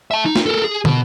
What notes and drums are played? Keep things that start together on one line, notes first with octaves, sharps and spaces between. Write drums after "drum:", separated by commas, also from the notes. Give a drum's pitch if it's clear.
E5 A5
D#4
drum: snare
A4 A#4
G#4
B2, drum: tom